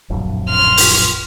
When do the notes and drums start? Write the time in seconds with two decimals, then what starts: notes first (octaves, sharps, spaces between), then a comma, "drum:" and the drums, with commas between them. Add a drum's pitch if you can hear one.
0.10 D1 A#1 F#2
0.50 C6 F6
0.77 drum: open hi-hat